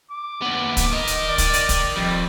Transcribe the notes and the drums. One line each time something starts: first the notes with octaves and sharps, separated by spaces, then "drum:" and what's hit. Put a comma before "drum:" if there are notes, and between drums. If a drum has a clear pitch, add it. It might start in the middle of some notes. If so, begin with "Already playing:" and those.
D6
D#2 B3
drum: kick, hi-hat
A#4 D#5
drum: hi-hat
D5
drum: kick, hi-hat
drum: hi-hat
drum: kick, hi-hat
F2 G3